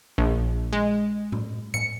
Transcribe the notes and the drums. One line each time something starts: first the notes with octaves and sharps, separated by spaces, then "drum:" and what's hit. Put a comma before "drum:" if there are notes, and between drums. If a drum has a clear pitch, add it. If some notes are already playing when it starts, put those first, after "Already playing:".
A#1
G#3
drum: tom A2
C#7, drum: tom A2